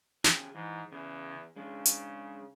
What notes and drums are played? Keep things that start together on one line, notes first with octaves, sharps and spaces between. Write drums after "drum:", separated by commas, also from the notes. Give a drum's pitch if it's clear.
C#4 G4 G#4, drum: snare
G#2 E3
E2 C#3
C#3 G#3 D4
drum: hi-hat